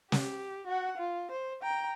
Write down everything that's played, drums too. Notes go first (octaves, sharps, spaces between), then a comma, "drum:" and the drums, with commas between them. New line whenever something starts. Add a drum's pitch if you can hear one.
G4, drum: snare
F#4 F#5
F4
C5
G5 A#5